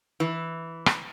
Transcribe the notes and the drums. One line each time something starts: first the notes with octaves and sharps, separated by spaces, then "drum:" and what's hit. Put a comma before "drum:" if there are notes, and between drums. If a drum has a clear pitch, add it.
E3
drum: rim click